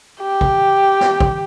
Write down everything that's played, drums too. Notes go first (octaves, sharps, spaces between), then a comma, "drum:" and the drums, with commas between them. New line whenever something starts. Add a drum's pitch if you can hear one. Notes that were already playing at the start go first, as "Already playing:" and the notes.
G4
drum: kick
drum: snare
drum: kick